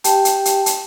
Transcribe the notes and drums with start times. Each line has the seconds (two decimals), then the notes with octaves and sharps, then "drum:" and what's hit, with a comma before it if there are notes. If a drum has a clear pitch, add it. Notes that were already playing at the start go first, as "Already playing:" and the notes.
0.04 G4 G5 A5, drum: hi-hat
0.25 drum: hi-hat
0.45 drum: hi-hat
0.66 drum: hi-hat